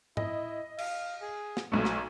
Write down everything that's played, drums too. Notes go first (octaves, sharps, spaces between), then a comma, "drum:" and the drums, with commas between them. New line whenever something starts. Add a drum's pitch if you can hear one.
E4 D#5, drum: tom G#2
F5, drum: cymbal
G#4
drum: snare
B1 F3 A3
drum: snare